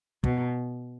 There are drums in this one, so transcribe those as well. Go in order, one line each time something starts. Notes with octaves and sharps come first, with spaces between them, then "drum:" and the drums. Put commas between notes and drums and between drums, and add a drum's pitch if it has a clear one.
B2, drum: kick